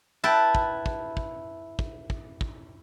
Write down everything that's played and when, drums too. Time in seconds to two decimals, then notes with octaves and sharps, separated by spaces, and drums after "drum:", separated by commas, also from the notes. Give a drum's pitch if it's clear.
0.24 E4 B4 G5 A5
0.55 drum: kick
0.86 drum: kick
1.17 drum: kick
1.79 drum: kick
2.10 drum: kick
2.41 drum: kick